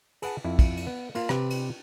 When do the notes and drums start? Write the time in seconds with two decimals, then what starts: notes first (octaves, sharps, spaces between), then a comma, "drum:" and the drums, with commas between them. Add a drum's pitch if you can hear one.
0.22 G#4 B4 F#5 A5, drum: cymbal
0.44 F2 E4
0.59 drum: kick, cymbal
0.77 drum: cymbal
0.87 B3
1.15 A#3 F4 F5, drum: cymbal
1.29 C3 G4 B4, drum: rim click
1.50 drum: cymbal